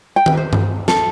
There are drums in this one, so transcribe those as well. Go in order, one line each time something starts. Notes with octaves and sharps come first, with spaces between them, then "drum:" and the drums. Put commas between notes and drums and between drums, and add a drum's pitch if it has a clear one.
G5
drum: tom D#3
C5
drum: tom G2
A4, drum: snare